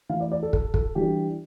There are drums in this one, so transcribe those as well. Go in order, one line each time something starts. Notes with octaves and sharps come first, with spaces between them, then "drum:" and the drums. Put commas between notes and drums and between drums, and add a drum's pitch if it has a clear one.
E3 A3 E4 F5
D5
D5
A4
A4, drum: kick
A4, drum: kick
E3 G3 D4 G4